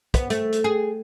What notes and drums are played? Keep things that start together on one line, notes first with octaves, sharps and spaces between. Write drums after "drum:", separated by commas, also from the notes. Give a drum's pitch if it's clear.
B3, drum: kick, hi-hat
A3, drum: hi-hat
drum: hi-hat
G#4